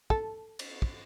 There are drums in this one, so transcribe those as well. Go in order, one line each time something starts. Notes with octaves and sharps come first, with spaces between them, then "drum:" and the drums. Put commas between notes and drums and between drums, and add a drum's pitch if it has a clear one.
A4, drum: kick
drum: cymbal
drum: kick